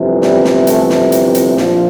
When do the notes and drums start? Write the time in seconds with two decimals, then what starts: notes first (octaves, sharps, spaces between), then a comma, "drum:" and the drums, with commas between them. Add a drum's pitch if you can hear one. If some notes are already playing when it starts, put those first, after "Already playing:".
Already playing: G1 F2 C3 E3
0.22 G3, drum: snare
0.44 drum: snare
0.67 A3, drum: hi-hat
0.89 drum: snare
1.12 drum: hi-hat
1.35 drum: hi-hat
1.57 A#1 A#2 F3, drum: snare